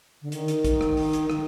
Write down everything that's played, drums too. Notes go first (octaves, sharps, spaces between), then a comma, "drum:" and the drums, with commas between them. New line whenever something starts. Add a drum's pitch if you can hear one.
D3
D#3, drum: hi-hat
drum: hi-hat
drum: kick, hi-hat
drum: rim click
drum: open hi-hat
drum: hi-hat
D#3, drum: rim click